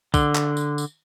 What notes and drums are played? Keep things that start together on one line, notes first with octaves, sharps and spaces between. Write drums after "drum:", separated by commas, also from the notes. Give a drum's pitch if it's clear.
D3, drum: kick, tambourine
drum: clap
drum: tambourine
drum: tambourine